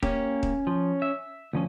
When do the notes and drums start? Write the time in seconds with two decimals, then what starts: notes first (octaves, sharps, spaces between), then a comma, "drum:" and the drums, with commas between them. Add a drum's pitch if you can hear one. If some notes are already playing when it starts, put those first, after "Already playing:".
0.03 A#3 C#4 G4, drum: kick D#1
0.43 drum: kick D#1
0.67 F3
1.02 E5
1.53 D2 F3 C#4